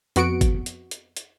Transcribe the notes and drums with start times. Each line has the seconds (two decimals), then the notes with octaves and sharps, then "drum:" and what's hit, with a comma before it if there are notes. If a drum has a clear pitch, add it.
0.16 F2 B3 F#4 C#7 D7, drum: hi-hat
0.41 drum: kick G1, hi-hat
0.66 drum: hi-hat
0.91 drum: hi-hat
1.17 drum: hi-hat